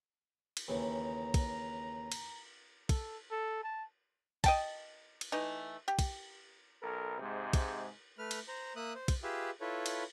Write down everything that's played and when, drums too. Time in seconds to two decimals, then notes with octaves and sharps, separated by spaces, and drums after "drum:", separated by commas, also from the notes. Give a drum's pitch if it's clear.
0.57 drum: cymbal
0.68 D#2 C#3 E3 A#5
1.34 drum: kick, cymbal
2.12 drum: cymbal
2.89 A4, drum: kick, cymbal
3.31 A4
3.63 A5
4.44 D#5 G5 A5, drum: kick, cymbal
5.21 drum: cymbal
5.32 E3 A3 D#4
5.88 G4
5.99 drum: kick, cymbal
6.81 B1 A4 A#4
7.19 G#2 C3 G#3
7.53 drum: kick, cymbal
8.19 A3 B4 F6
8.31 drum: cymbal
8.48 C5 A#5
8.76 A#3 E5 D#6 F#6
8.95 C5
9.08 drum: kick, cymbal
9.23 F4 G4 G#4 B4 E5
9.61 E4 F4 A4 B4 C#5
9.86 drum: cymbal